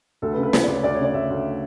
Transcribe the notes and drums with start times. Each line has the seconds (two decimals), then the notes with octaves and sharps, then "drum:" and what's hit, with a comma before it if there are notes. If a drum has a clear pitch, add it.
0.22 D2 A4
0.32 B4
0.37 C#3
0.43 B4
0.53 C#3, drum: snare
0.63 D2 D5
0.74 C#5
0.84 D2 D5
0.94 C#5
0.99 C#3
1.04 D5
1.14 D2 E5
1.30 D2